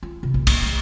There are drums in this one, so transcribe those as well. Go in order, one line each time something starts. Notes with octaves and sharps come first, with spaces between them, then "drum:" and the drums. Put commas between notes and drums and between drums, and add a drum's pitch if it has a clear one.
F4
C3
A#1
A#1, drum: cymbal
A3